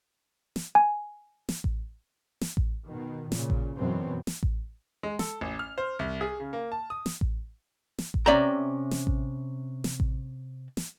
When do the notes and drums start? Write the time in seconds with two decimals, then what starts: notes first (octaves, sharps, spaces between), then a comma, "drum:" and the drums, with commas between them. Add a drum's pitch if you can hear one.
0.56 drum: snare
0.75 G#5
1.49 drum: snare
1.64 drum: kick A1
2.41 drum: snare
2.57 drum: kick A1
2.87 B2 D#3
3.32 A#2 C#3, drum: snare
3.50 drum: kick A1
3.77 F#2 B2 E3 F#3 C4
4.27 drum: snare
4.43 drum: kick A1
5.03 G#3
5.19 A4, drum: snare
5.41 A1
5.59 F6
5.78 C5
5.99 C2
6.21 G#4
6.40 C#3
6.53 A#3
6.72 A5
6.90 D#6
7.06 drum: snare
7.21 drum: kick A1
7.99 drum: snare
8.14 drum: kick A1
8.26 C3 C#4 D5 E5 G5 A#5
8.91 drum: snare
9.07 drum: kick A1
9.84 drum: snare
10.00 drum: kick A1
10.77 drum: snare